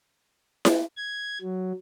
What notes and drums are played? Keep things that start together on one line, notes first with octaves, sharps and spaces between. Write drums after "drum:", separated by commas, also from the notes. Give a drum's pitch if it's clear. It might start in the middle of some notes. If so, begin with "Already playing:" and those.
drum: snare E4
G#6
F#3